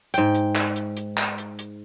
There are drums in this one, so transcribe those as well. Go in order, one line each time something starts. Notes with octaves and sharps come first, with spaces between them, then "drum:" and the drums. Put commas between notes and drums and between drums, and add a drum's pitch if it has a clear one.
G#2 G5, drum: hi-hat
drum: hi-hat
drum: clap
drum: hi-hat
drum: hi-hat
drum: clap
drum: hi-hat
drum: hi-hat